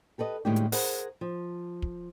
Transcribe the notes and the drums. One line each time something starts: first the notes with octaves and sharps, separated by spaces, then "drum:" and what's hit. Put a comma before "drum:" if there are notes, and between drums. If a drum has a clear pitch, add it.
G4 A4 B4 D5 D#5
A2 D3 D#3 G#3 A#3 G4
drum: hi-hat
G#4 A#4 C5 F#5, drum: open hi-hat
F3
drum: kick